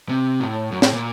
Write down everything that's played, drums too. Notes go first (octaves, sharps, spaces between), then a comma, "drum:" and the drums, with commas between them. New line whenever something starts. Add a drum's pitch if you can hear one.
C3
A2
F#2
A2, drum: snare
A#2